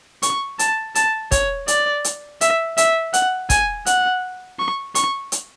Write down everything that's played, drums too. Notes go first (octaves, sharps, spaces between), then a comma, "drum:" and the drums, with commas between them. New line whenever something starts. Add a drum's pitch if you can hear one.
C#6, drum: hi-hat
A5, drum: hi-hat
A5, drum: hi-hat
C#5, drum: kick, hi-hat
D5, drum: hi-hat
drum: hi-hat
E5, drum: hi-hat
E5, drum: hi-hat
F#5, drum: hi-hat
G#5, drum: kick, hi-hat
F#5, drum: hi-hat
C#6
C#6, drum: hi-hat
drum: hi-hat